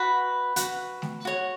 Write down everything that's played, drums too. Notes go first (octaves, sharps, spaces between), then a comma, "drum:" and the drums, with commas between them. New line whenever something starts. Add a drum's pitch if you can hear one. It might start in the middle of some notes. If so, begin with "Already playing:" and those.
Already playing: F#4 B4 B5
F#4 B4, drum: hi-hat
drum: snare A3
F#4 C#5